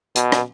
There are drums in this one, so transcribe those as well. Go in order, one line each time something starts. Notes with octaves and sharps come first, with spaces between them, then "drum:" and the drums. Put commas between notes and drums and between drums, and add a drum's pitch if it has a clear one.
B2, drum: hi-hat
drum: rim click